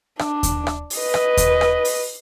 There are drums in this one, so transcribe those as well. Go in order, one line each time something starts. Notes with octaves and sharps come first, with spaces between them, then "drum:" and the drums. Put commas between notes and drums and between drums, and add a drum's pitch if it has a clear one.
D4, drum: rim click
drum: kick D#2, hi-hat
drum: rim click
drum: open hi-hat
B4 D#5
drum: rim click
drum: kick D#2, hi-hat
drum: rim click
drum: open hi-hat